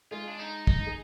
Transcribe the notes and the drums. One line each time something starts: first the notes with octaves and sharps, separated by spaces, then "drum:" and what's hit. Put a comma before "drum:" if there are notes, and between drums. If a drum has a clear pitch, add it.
G#3 F4 G#4
D4
D#4
D#4, drum: kick
G#4